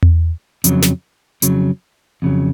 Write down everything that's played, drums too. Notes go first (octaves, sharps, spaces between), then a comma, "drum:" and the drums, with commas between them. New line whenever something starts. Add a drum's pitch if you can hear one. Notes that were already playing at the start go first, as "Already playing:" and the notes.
drum: tom E2
F2 C#3 F#3, drum: hi-hat
drum: snare
F2 C#3 F#3, drum: hi-hat
F2 C#3 F#3